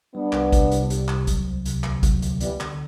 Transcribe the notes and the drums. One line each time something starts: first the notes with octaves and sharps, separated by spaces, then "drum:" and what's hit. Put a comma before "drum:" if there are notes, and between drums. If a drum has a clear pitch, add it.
G3 B3 D4
C2, drum: clap
C3, drum: kick, hi-hat
C2, drum: hi-hat
G3, drum: hi-hat
C2, drum: clap
F#3, drum: kick, hi-hat
D2
C3, drum: hi-hat
D2, drum: clap
F#3, drum: kick, hi-hat
D2, drum: hi-hat
E3 G3 B3, drum: hi-hat
D3, drum: clap